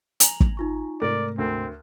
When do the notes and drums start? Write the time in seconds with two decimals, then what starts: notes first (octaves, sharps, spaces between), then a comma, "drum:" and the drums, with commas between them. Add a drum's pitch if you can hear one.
0.20 G#5 A#5 F7 F#7, drum: hi-hat
0.40 drum: kick
0.57 D#4 F4 C#6
1.02 G#2 C3 A3 A#4 D5
1.38 D2 C4 F#4 A#4